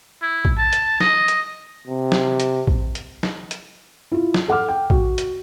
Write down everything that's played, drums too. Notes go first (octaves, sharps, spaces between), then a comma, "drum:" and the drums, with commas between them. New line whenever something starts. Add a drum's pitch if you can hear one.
E4
drum: kick A1
A5
drum: hi-hat
D#5, drum: snare
drum: hi-hat
C3
drum: snare
drum: hi-hat
drum: kick A1
drum: hi-hat
drum: snare
drum: hi-hat
E4 F4
drum: snare
A4 F#5 D6 F6
G5
F#4, drum: kick A1
drum: hi-hat